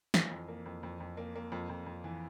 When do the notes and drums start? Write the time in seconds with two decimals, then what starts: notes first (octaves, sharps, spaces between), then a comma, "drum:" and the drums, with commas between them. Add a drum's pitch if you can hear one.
0.14 E3, drum: snare
0.31 F2
0.48 A#3
0.66 F2
0.83 F2
1.00 F2
1.17 A#3
1.36 A#3
1.52 F2
1.69 F2
1.86 F2
2.04 E3